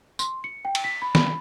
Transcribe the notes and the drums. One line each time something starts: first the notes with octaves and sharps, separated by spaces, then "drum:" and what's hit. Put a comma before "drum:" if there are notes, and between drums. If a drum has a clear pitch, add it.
C6, drum: tambourine
C#7
G5
drum: cymbal
B6
B5
B5, drum: snare